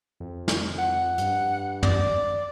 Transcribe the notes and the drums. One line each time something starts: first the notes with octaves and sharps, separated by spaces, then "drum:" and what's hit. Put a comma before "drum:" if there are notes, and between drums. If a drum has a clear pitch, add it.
F2
drum: snare
F#5
G2, drum: hi-hat
D5, drum: tom